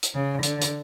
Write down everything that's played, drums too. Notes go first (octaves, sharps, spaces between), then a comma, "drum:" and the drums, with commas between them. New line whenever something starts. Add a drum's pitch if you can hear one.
drum: hi-hat
C#3
D3, drum: hi-hat
drum: hi-hat